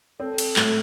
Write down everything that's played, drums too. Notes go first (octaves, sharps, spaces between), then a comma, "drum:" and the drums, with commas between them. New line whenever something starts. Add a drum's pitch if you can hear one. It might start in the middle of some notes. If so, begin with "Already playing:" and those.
C4 A4
drum: cymbal
A2, drum: clap